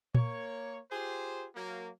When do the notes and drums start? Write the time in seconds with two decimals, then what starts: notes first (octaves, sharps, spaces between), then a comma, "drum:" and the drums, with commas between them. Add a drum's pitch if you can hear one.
0.15 A#3 C#5, drum: tom A#2
0.91 F4 G4 G#4 C5
1.55 F#3 A#3